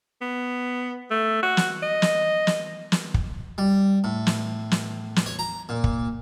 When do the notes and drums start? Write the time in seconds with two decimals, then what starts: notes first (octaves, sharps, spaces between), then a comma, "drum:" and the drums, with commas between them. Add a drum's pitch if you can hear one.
0.21 B3
1.11 A3
1.43 F#4
1.57 drum: snare
1.83 D#5
2.02 drum: snare
2.47 drum: snare
2.92 drum: snare
3.14 drum: kick
3.58 G3
4.04 A2
4.27 drum: snare
4.71 drum: snare
5.16 drum: snare
5.26 C#5
5.39 A#5
5.69 A#2
5.84 drum: kick